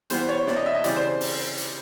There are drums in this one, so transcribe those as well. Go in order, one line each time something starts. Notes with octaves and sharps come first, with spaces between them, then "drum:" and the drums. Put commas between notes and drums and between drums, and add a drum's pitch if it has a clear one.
E3 G3 B3 C5, drum: hi-hat
C#5
D5, drum: snare
D#5
E5
D#5
C#3 E3 G3 C4 D5, drum: hi-hat
C5
drum: open hi-hat
drum: hi-hat